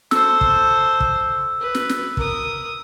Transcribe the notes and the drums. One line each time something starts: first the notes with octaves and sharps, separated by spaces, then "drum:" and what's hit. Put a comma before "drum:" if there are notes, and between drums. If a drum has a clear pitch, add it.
A4 C5 E6, drum: snare
drum: kick
drum: kick
B4
drum: snare
drum: snare
A#4 D#6, drum: kick